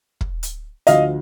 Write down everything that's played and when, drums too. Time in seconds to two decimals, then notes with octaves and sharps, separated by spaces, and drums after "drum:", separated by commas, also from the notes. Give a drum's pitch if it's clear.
0.21 drum: kick
0.43 drum: hi-hat
0.87 D2 D3 F3 D#5 F5, drum: hi-hat